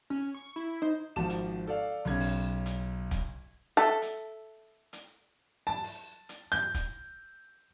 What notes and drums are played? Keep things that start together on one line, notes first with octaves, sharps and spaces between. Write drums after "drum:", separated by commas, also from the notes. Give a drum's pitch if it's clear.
C#4
C#6
E4
D#4 C5
G#1 F3 F#4 A5 E7
drum: hi-hat
A4 D5 F5
B1 C#3 G#6
drum: open hi-hat
drum: hi-hat
drum: kick, hi-hat
A4 E5
drum: hi-hat
drum: hi-hat
A5
drum: open hi-hat
drum: hi-hat
G6
drum: kick, hi-hat